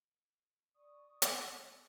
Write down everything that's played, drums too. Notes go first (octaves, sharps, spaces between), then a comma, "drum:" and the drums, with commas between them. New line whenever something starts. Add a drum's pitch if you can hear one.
D5 C#6 D#6
drum: hi-hat